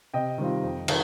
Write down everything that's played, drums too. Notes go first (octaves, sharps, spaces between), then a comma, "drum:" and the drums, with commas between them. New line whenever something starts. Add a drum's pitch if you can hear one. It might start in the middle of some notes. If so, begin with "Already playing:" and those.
C3 D#5 G5
D#3 G3 C4 F4
F2
D#3, drum: cymbal